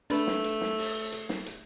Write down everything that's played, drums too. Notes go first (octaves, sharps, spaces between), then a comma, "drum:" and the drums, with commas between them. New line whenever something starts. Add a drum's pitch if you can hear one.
A3 D4 B4, drum: hi-hat
drum: snare
drum: hi-hat
drum: snare
drum: open hi-hat
drum: hi-hat
drum: snare
drum: hi-hat